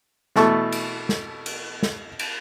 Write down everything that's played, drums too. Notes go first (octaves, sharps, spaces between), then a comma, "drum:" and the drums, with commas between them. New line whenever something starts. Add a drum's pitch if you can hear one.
B2 E3 A3 A5 C#6, drum: snare
drum: cymbal
drum: snare
drum: cymbal
drum: snare
drum: cymbal